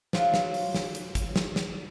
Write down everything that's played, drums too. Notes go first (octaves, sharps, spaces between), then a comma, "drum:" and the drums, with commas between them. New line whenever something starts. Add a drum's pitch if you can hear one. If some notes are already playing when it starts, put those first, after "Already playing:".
F3 F#3 F4, drum: snare
drum: snare
drum: open hi-hat
drum: snare
drum: hi-hat
drum: kick, hi-hat
drum: snare
drum: snare